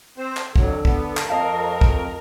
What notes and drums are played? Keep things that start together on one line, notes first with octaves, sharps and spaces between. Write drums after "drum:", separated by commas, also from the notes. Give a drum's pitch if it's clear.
C4 C5
drum: clap
F2 D3 F#3, drum: kick
B3, drum: kick
drum: clap
F2 A#4 D#5 F5 A5
drum: kick